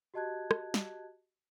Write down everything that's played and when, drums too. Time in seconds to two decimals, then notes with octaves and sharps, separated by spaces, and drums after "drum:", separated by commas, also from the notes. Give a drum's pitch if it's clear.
0.14 F#4 G4 D#5 A5 F#6 G#6
0.51 drum: rim click
0.74 drum: snare